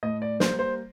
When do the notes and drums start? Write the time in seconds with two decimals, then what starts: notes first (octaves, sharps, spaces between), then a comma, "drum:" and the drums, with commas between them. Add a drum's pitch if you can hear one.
0.03 A2 D#5
0.22 D5
0.40 G3 A#3 C5, drum: snare
0.59 C5